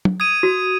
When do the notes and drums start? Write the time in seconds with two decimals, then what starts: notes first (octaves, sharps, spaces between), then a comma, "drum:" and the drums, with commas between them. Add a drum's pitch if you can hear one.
0.05 drum: tom
0.20 D#6 G#6 D#7
0.43 F#4